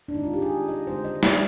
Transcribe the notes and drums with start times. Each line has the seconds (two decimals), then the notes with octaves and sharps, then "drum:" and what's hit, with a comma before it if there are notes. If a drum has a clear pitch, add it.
0.08 D4
0.14 D#3 G#3 C4 D#4
0.24 F4
0.33 G4
0.42 G#4
0.68 D#5
0.86 D3 G#3 C4 C5
1.05 D#5
1.23 D5, drum: snare